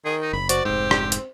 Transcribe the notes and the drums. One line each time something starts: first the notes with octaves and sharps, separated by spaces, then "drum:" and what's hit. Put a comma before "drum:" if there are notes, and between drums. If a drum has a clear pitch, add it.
D#3 G#4
D#4
F#1 B5
F#4 C5 D5, drum: hi-hat
F1 G#2 C4 G4
drum: rim click
drum: hi-hat